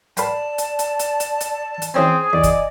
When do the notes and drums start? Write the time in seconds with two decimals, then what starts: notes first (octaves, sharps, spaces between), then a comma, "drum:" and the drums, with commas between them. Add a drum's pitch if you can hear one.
0.17 B4 D5 F5 G5 A5, drum: hi-hat
0.58 drum: hi-hat
0.79 drum: hi-hat
0.99 drum: hi-hat
1.20 drum: hi-hat
1.40 drum: hi-hat
1.82 drum: hi-hat
1.94 E3 C4 C#4 G#4 G#5
2.33 E2 D5 D#5 G#5 D6
2.43 drum: kick, hi-hat